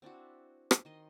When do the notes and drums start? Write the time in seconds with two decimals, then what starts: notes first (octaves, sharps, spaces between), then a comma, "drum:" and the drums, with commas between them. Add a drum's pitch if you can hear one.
0.02 C4 D4 E4 F#4
0.71 drum: rim click
0.85 D#3 D#5 C6